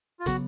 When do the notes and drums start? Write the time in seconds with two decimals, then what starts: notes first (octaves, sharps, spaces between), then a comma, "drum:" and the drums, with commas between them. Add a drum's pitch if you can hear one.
0.20 F4
0.26 C#3 F#3 B3 F#4, drum: kick, hi-hat